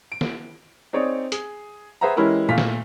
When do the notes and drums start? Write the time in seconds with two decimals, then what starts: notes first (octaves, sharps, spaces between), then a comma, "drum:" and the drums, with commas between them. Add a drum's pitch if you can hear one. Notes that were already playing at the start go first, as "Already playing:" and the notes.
0.12 D7
0.21 drum: snare
0.93 C4 D#4 G#4 C#5 D5
1.32 G#4, drum: hi-hat
2.01 G#4 B4 C5 E5 F#5 A#5
2.16 E3 G#3 C#4 E4 G4 A#4
2.48 A#2 A3 F5 B6
2.58 drum: snare